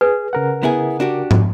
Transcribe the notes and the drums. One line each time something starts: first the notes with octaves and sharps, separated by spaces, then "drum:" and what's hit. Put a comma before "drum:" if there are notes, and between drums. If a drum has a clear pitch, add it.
G#4 B4
C#3 A#4 F#5
B3 E4 G#4
D4 F#4 G4
drum: tom G#2